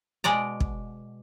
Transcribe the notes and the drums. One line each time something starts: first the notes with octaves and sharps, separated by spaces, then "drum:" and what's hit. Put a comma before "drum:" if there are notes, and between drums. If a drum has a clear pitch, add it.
B2 G#3 D5 A#5
drum: kick